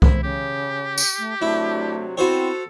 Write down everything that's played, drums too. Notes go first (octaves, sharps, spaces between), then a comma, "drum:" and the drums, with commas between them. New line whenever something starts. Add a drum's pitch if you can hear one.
E4 C5, drum: kick C2
C#3 G4
drum: tambourine
A3
C3 F#3 A3 D4 E4
B3 C4 E4 F#4 A4 C5 C#5